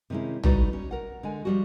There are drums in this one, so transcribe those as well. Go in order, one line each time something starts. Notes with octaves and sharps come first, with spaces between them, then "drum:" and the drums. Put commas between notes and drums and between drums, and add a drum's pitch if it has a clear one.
C3 D#3 G#3 C#4 E4
G3 A3 D#4 F#4 B4 D5, drum: tom A#1
C#4
A#4 F#5
D3 G#3 G#5
F3 G3 F#4